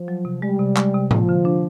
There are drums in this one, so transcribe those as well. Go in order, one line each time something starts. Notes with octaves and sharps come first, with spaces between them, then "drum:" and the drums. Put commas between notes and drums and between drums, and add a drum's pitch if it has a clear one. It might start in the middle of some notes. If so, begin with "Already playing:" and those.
Already playing: F3
F#3
C3
G3 G#3
C3
G#3, drum: clap
C3
F3 A#3, drum: tom A2
D3
D4